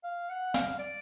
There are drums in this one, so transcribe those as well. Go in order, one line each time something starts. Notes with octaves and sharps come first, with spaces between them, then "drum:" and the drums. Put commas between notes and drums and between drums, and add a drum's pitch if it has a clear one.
F5
F#5
F5, drum: snare
D5